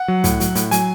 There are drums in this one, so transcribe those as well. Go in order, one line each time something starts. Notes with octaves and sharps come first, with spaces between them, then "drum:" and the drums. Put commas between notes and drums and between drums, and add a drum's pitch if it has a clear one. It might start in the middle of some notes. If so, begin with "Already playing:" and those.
Already playing: F#5
F#3
A2, drum: kick, hi-hat
F#3, drum: hi-hat
A2, drum: hi-hat
F#3 G#5, drum: hi-hat